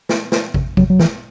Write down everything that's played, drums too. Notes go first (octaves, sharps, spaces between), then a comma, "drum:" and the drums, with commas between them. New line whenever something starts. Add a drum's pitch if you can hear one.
drum: snare
drum: snare
drum: kick
F#3, drum: kick
F#3
E3, drum: snare